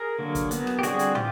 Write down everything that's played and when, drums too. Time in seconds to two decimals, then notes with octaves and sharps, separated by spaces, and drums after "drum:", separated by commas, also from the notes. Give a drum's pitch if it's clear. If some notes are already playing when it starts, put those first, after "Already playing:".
Already playing: G#4 A#4
0.19 D3 F#3 A#3
0.35 drum: kick, hi-hat
0.51 F#3 B3, drum: hi-hat
0.67 drum: rim click
0.79 G4
0.83 D3 G3 C4 F#4 G#4, drum: hi-hat
0.99 drum: hi-hat
1.15 E3 F4 G4, drum: tom